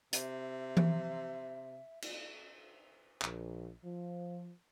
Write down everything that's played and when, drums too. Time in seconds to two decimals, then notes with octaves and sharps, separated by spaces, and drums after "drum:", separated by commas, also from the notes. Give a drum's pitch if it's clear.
0.13 C3 E5, drum: hi-hat
0.77 drum: tom E3
2.02 drum: cymbal
3.22 A#1, drum: clap
3.84 F3